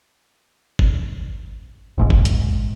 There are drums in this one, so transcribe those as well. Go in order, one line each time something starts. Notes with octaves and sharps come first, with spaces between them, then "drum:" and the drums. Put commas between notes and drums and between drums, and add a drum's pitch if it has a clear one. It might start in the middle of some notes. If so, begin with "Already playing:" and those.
drum: kick
E1 A#1 G#2
drum: kick
drum: hi-hat